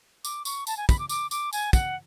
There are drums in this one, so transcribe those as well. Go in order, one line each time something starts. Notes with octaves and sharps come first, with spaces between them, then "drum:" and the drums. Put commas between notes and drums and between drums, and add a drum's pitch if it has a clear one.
D6, drum: tambourine
C#6, drum: tambourine
A5, drum: tambourine
G#5
B5, drum: kick, tambourine
D6
D6, drum: tambourine
D6, drum: tambourine
G#5, drum: tambourine
F#5, drum: kick, tambourine